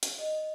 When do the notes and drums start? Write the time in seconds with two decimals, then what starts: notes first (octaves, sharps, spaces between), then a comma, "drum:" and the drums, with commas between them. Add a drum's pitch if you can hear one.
0.03 drum: hi-hat
0.19 D#5